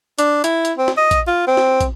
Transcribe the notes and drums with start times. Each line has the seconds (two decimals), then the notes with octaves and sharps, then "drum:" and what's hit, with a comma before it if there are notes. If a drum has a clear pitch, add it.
0.18 D4, drum: hi-hat
0.44 E4, drum: hi-hat
0.65 drum: hi-hat
0.78 C4
0.88 drum: snare
0.97 D#5
1.11 drum: kick, hi-hat
1.27 F4
1.48 C4
1.57 drum: snare
1.81 drum: kick, hi-hat